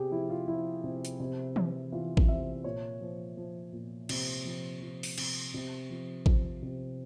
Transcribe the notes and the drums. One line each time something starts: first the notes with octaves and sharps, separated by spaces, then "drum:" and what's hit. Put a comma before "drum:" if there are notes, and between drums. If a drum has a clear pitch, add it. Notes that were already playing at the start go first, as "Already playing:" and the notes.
Already playing: C3 G4 G#4
F3 E4
F4
F3 E4
C3
drum: hi-hat
C3
E3, drum: tom E3
E3 F4
drum: kick A1
C3 E5
A#2 C#5
F3
F3
A#2
C3, drum: cymbal
F3
F3
drum: open hi-hat
C3, drum: cymbal
C3
F3
F3, drum: kick A1
C3